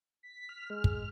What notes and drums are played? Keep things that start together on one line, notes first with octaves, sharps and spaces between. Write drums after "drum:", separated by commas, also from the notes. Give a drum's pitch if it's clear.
B6
F6
G#3
drum: kick